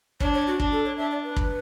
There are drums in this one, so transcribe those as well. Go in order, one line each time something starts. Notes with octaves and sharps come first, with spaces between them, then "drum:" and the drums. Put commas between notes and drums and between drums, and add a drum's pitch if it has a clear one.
D4 C#5, drum: kick
C#5
F#4
D4, drum: kick
A4
C#5
D4 E5
D5
B4
drum: kick